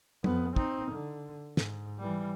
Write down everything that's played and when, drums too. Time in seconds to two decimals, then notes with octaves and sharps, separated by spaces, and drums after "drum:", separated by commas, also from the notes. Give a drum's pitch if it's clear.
0.24 F2 B3, drum: tom
0.56 C4 D#4, drum: kick
0.91 D3
1.57 G#2, drum: snare
1.99 E3 G3